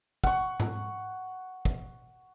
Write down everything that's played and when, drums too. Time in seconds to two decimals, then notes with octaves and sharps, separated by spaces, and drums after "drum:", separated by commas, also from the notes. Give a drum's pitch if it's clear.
0.24 F#5 C#6, drum: kick
0.60 drum: tom G#2
1.65 drum: kick